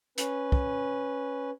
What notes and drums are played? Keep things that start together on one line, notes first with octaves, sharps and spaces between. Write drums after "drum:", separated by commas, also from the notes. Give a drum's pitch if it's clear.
C#4 B4, drum: hi-hat
drum: kick